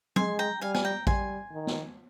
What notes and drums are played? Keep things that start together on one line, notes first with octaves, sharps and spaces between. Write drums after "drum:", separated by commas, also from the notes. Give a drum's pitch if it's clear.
G#3 G#5 C6, drum: tom
G5 A#5
G3 F5 G#5
G#5, drum: snare
G5 A#5
G3 G#5 C6, drum: kick
D#3
drum: snare